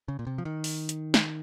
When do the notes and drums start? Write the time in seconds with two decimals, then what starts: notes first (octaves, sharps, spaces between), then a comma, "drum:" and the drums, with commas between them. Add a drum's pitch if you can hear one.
0.08 C#3
0.19 A#2
0.27 C3
0.38 F3
0.45 D#3
0.64 drum: open hi-hat
0.89 drum: hi-hat
1.14 drum: snare